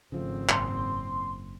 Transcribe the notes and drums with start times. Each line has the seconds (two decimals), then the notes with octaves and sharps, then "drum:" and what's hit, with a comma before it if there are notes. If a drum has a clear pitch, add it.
0.12 G#1 C#3 F3 A3 C4
0.49 F#1 C6, drum: clap